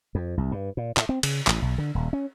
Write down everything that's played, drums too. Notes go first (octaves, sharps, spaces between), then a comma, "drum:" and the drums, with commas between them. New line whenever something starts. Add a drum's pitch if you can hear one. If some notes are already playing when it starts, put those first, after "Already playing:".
F2
C2
G2
A#2
A2, drum: clap
C4
C#3, drum: cymbal
A1, drum: clap
B1
D3
D#1
C#4